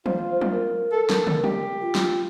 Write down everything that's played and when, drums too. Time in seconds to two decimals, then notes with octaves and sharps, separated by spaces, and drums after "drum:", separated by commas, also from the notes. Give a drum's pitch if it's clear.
0.06 F4 C5, drum: tom
0.41 drum: tom
0.51 A#4
0.92 A4
1.10 drum: snare
1.27 drum: tom
1.44 G4, drum: tom
1.81 F4
1.95 drum: snare